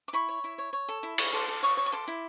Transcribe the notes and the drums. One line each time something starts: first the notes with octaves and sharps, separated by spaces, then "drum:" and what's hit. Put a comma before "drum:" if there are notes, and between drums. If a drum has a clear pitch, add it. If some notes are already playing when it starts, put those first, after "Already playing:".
D6
E4 B5 C#6
C#5
E4
C#5
C#5
A4
E4
C#5, drum: cymbal
A4 C6 D6
A4
C#5 C#6 D#6
C#5
C#6
A4 C6 D6
E4